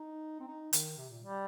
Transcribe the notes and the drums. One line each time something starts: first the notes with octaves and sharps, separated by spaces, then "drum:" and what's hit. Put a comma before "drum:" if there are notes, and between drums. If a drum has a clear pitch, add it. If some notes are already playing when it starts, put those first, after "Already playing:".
Already playing: D#4
C4
D#4
D#3, drum: hi-hat
C3
A#2
G3